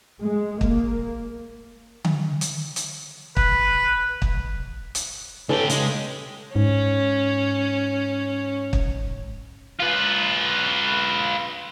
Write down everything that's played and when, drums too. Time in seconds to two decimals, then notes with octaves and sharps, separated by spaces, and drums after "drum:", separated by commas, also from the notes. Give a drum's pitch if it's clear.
0.21 G#3
0.61 A#3, drum: kick
2.04 drum: tom D3
2.41 drum: hi-hat
2.76 drum: hi-hat
3.37 B4, drum: kick
4.22 drum: kick
4.95 drum: hi-hat
5.49 D3 C#4 G4 A4 B4
5.70 C#3 G#3, drum: hi-hat
6.56 G#2 C#4
8.73 drum: kick
9.80 F4 B4